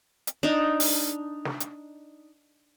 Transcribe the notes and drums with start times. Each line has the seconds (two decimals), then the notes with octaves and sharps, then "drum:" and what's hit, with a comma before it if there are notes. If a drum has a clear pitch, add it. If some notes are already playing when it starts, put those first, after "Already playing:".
0.27 drum: hi-hat
0.43 D4 D#4
0.80 drum: open hi-hat
1.45 drum: snare
1.60 drum: hi-hat